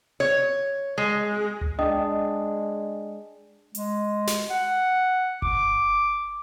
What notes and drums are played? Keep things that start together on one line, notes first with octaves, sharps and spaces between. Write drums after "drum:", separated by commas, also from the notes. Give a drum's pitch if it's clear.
C#5
G#3
drum: tom C#2
G#3 D4 D#5 G5 D#6
G#3, drum: hi-hat
drum: snare
F#5
D6, drum: kick G1